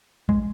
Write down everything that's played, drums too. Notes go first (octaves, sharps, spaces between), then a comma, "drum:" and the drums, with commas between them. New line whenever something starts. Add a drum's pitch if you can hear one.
G#3, drum: kick